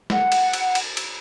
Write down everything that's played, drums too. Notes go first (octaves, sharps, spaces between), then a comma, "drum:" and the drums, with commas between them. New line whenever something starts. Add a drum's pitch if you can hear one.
F#5, drum: snare
drum: cymbal
drum: cymbal
drum: cymbal
drum: cymbal